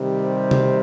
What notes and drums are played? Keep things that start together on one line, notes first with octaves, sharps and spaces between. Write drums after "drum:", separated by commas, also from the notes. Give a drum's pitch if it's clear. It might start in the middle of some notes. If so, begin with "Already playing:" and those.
Already playing: C3 D#3 G3
C5
drum: tom C3